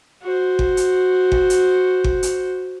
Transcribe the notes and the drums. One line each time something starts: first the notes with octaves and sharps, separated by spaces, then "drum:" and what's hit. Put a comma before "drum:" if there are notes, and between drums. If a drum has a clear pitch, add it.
F#4 C5
drum: kick G1
drum: hi-hat
drum: kick G1
drum: hi-hat
drum: kick G1
drum: hi-hat